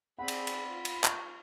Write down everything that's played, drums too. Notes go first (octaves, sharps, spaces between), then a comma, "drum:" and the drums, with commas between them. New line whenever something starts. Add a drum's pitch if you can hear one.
C4 G#4 D5 F#5 B5
drum: cymbal
drum: cymbal
F4
drum: cymbal
C#6, drum: clap